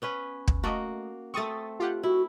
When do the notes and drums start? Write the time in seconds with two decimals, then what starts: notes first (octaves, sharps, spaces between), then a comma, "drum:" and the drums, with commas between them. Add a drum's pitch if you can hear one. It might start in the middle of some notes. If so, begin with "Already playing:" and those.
0.02 B3 C#4 B4
0.48 drum: kick
0.64 A3 A#3 F#4 D#5
1.34 A3 C4 C#6 D#6 A6
1.80 F4 G4 F#5
2.03 E4 F#4